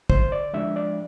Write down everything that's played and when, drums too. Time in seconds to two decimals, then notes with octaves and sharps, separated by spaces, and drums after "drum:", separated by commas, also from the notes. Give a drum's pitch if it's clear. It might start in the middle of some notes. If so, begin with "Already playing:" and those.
0.10 D3 C5, drum: kick
0.32 D5
0.53 F3 G#3 D4 E5
0.76 D5